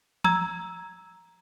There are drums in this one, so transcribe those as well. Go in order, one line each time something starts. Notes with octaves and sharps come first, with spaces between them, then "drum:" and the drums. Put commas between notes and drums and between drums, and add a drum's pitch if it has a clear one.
A#5 E6 G#6, drum: tom E3